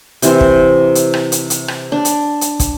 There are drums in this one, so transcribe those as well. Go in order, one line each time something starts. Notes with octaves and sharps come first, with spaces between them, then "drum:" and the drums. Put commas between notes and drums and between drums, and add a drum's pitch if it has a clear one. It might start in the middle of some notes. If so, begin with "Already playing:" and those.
C3 E3 C4, drum: hi-hat
drum: kick
drum: hi-hat
drum: rim click
drum: hi-hat
drum: hi-hat
drum: rim click
D4
drum: hi-hat
drum: hi-hat
drum: kick, hi-hat